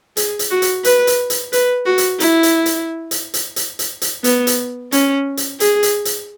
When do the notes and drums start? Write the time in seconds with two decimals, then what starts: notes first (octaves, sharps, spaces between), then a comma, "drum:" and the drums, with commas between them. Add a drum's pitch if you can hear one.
0.17 G#4, drum: hi-hat
0.39 drum: hi-hat
0.51 F#4
0.62 drum: hi-hat
0.84 B4, drum: hi-hat
1.07 drum: hi-hat
1.30 drum: hi-hat
1.53 B4, drum: hi-hat
1.86 F#4
1.98 drum: hi-hat
2.20 E4, drum: hi-hat
2.43 drum: hi-hat
2.66 drum: hi-hat
3.11 drum: hi-hat
3.34 drum: hi-hat
3.56 drum: hi-hat
3.79 drum: hi-hat
4.02 drum: hi-hat
4.24 B3, drum: hi-hat
4.47 drum: hi-hat
4.92 C#4, drum: hi-hat
5.37 drum: hi-hat
5.60 G#4, drum: hi-hat
5.83 drum: hi-hat
6.05 drum: hi-hat